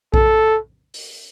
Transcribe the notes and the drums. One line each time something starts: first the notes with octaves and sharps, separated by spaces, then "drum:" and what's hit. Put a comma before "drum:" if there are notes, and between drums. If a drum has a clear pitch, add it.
A4, drum: kick A#1
drum: open hi-hat